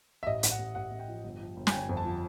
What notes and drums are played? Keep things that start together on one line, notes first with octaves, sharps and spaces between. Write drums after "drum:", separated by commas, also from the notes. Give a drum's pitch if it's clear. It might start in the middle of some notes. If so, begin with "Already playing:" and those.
E5
A1 D#5
A1, drum: hi-hat
F#5
A1
A1 F#5
A1
G5
F3
G1
F3
G1
G#5, drum: snare
G1 G5
F2
A5
F3